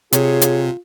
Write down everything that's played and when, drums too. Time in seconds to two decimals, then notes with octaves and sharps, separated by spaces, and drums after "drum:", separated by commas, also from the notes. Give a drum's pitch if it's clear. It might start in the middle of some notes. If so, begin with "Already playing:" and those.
0.13 C3 F4 G#4 C#5, drum: hi-hat
0.41 drum: hi-hat